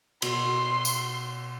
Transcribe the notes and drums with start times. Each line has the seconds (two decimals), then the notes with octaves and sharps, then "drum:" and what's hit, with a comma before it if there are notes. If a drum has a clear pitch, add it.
0.22 B2 C6, drum: cymbal
0.85 drum: tambourine